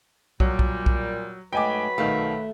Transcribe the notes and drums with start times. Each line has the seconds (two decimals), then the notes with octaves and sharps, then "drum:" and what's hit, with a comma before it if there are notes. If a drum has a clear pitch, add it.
0.40 A#2 F#3 G3, drum: kick
0.59 drum: kick
0.86 drum: kick
1.53 G#2 F#3 A3 B4 G5 G#5 B5 D6
1.98 B1 D#3 A3 F5